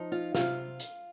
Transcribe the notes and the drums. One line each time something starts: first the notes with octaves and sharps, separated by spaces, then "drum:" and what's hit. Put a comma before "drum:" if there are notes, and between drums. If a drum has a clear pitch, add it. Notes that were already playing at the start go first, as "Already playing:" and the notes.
Already playing: F3 D#4
F4 F5
C3 F4 F5, drum: snare
drum: hi-hat